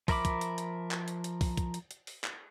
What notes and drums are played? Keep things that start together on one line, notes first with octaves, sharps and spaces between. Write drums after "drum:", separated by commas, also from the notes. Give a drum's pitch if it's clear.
F3 A#4 E5 B5 D6, drum: kick, open hi-hat
drum: kick, hi-hat
drum: hi-hat
drum: hi-hat
drum: clap
drum: hi-hat
drum: hi-hat
drum: kick, open hi-hat
drum: kick, hi-hat
drum: hi-hat
drum: hi-hat
drum: open hi-hat
drum: clap